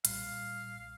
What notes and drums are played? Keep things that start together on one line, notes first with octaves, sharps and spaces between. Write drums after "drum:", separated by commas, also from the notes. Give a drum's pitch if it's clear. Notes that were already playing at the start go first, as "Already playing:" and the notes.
B1 A#2 G3 F5, drum: hi-hat